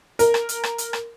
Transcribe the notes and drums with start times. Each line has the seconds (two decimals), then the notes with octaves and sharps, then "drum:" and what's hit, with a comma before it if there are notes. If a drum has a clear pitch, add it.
0.19 A#4, drum: hi-hat
0.34 drum: rim click
0.49 drum: hi-hat
0.64 drum: rim click
0.78 drum: hi-hat
0.93 drum: rim click